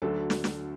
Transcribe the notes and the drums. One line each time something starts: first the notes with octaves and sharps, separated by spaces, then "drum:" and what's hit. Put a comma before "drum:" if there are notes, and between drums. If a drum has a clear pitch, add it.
D2 D3 F#3 A4
drum: snare
drum: snare